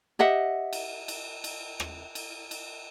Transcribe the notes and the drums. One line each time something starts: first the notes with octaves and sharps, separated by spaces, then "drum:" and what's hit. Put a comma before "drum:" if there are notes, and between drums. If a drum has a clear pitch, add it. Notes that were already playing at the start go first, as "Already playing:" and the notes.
G4 D#5 E5 F#5
drum: cymbal
drum: cymbal
drum: cymbal
drum: rim click
drum: cymbal
drum: cymbal